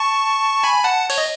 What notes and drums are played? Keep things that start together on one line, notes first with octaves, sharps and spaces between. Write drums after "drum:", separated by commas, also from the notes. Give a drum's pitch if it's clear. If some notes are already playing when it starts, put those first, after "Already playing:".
Already playing: A5 C#6
G#5 B5
F#5 A5
C#5, drum: cymbal
D#5